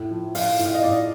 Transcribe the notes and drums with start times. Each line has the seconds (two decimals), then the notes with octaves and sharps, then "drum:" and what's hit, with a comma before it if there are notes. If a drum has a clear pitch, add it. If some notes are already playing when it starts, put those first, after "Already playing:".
Already playing: A2
0.11 F3
0.35 F3 F5, drum: open hi-hat
0.59 A2, drum: hi-hat
0.65 F5
0.75 D#5
0.83 A2 D5